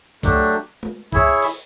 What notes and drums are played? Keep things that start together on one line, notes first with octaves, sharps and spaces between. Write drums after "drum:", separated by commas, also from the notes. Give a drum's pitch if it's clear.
F#3 A3 D4 G4, drum: kick C#2, hi-hat
drum: tom G#3
E4 G#4 C#5 E5, drum: kick C#2
drum: open hi-hat